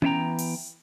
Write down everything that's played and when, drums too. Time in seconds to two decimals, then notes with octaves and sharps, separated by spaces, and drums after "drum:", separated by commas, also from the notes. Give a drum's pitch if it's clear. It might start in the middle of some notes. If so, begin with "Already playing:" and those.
0.02 E3 B3 D5 E5 G5 A#5, drum: tom C#4
0.38 drum: open hi-hat